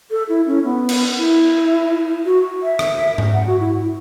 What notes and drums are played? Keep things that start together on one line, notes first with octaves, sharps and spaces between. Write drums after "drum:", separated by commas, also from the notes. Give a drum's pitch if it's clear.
A4
E4
C#4
B3
drum: cymbal
E4
F#4
E5
drum: rim click
drum: tom G#2
F#5
F#4
E4